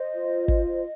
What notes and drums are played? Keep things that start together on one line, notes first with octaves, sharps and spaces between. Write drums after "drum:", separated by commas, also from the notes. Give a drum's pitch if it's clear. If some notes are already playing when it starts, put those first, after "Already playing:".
Already playing: C5 D#5
F4
C5, drum: kick